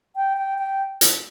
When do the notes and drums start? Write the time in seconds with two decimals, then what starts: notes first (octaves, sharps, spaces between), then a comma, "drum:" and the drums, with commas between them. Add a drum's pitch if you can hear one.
0.16 G5
0.37 G5
0.58 G5
1.01 drum: hi-hat